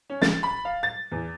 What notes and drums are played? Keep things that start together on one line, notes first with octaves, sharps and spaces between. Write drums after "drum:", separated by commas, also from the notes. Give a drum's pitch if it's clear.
C#4
A6, drum: snare
B5
F5
A6
E2